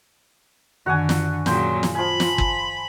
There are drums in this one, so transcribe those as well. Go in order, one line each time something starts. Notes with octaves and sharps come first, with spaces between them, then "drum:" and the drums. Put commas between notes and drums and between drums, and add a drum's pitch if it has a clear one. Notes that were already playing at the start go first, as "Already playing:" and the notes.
F#2 D3 D#3 F#4 F#5 G#5
drum: snare
A#2 C#3 F#3 G5 G#5 C6, drum: snare
drum: snare
F3 G#5 B5
drum: snare
drum: kick G1